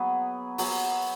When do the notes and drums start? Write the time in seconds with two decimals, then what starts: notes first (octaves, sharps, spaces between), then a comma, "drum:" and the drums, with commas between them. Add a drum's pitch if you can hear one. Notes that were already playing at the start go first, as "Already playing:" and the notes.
Already playing: F#3 B3 G#4
0.58 F#3 B3 G#4, drum: open hi-hat